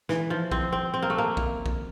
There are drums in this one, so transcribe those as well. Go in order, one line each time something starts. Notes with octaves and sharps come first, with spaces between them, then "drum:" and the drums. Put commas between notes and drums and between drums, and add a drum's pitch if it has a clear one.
E3, drum: snare
F3
C4, drum: kick
C4
C4
A#3
A3
A#3
drum: kick
drum: kick